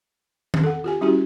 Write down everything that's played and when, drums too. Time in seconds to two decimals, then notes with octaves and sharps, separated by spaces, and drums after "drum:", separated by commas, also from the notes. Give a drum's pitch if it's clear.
0.54 drum: tom D#3
0.64 A4 F#5
0.84 F4 G4 G#5
1.01 G3 C#4 E4 F#4 G4